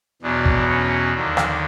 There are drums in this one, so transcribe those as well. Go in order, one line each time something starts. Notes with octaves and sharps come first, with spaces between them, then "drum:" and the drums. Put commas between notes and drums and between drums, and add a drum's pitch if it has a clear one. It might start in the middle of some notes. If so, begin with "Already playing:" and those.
E2 B2 F#3 D4
drum: kick
C#4
D#2 D3 F#3
drum: rim click